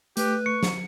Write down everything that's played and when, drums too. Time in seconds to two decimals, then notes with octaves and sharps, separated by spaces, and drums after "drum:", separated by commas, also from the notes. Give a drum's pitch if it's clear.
0.17 A3 G4 B4, drum: hi-hat
0.46 C#6 C#7
0.63 drum: snare